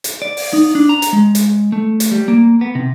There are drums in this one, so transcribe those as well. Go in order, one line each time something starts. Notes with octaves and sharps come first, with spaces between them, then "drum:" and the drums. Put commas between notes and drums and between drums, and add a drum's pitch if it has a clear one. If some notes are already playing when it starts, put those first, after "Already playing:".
drum: hi-hat
D5
drum: open hi-hat
D#4
D4
A#5
drum: hi-hat
G#3
drum: hi-hat
A3
drum: hi-hat
G3
A#3
B3
C3